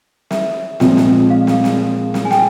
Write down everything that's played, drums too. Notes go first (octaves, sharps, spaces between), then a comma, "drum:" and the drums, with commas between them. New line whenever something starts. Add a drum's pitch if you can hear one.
E5, drum: snare
A#2 F3 G#3 C4, drum: snare
drum: snare
F5
drum: snare
drum: snare
drum: snare
G#5
G5, drum: snare